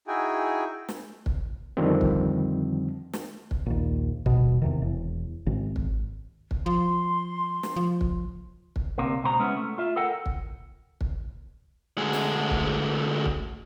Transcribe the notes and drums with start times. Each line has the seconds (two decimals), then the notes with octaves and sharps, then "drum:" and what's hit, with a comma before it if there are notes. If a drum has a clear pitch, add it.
0.08 D#4 E4 F#4 G#4 G5 G#5
0.89 drum: snare
1.26 drum: kick
1.77 F2 D3 D#3 F3 G3 C4
2.01 drum: kick
3.13 drum: snare
3.51 drum: kick
3.66 A#1 D#2
4.26 D#1 B2, drum: kick
4.62 E2 C3 D#3
4.82 E1
5.47 G#1
5.76 drum: kick
6.51 drum: kick
6.66 F3 C6
7.63 drum: snare
7.76 F3
8.01 drum: kick
8.76 drum: kick
8.98 D2 C3 A#3
9.24 C#2 B2 C5 A#5
9.39 G#3 B3 C#4 E4
9.57 A3
9.78 F4 E5
9.96 A4 A#4 F#5 G5
10.26 drum: kick
11.01 drum: kick
11.98 D2 G#3
12.13 drum: snare
12.51 drum: kick
13.26 drum: kick